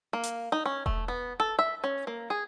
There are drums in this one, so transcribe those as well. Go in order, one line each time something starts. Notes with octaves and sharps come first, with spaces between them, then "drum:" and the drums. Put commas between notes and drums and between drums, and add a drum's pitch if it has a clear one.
A#3
drum: hi-hat
D#4
C#4
A3, drum: kick E1
B3
A4
E5
C#4
A#3
G#4